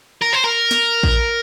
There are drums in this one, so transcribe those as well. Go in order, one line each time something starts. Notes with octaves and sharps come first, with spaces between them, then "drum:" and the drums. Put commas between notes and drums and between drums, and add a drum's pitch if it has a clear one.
A#4
C5
A#4
drum: snare
drum: kick